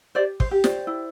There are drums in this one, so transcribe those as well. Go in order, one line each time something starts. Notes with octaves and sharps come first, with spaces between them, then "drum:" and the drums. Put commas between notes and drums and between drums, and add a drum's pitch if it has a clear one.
G4 C5 D5
C5, drum: kick
G4
C5 D5, drum: snare
E4